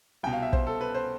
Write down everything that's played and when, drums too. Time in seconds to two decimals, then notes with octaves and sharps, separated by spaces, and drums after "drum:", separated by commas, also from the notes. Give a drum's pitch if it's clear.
0.23 C2 B2 G5
0.33 F5
0.42 E5
0.53 C5, drum: kick
0.67 A4
0.81 B4
0.95 C5